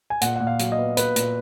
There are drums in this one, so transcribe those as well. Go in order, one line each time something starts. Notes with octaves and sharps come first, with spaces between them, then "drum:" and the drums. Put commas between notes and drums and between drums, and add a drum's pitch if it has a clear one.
G#5
A#2 F#5, drum: hi-hat
A#2 F#5
F5
F#3, drum: hi-hat
D#5
B3
A#2 B4, drum: hi-hat
A#2, drum: hi-hat